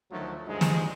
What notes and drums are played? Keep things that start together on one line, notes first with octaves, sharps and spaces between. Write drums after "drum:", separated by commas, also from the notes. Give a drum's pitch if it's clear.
D2 D#3 F3 F#3 A3
D2 G2 F3 G#3 D#4 F#4
drum: snare